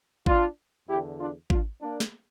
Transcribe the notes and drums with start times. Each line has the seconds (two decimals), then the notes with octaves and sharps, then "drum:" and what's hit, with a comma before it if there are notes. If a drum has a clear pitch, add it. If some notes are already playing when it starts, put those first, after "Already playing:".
0.26 D4 F4, drum: kick G#1
0.88 E2 D3 E4 G4
1.20 D4 F4
1.50 D4 F4, drum: kick G#1
1.81 A#3 D4
2.00 drum: snare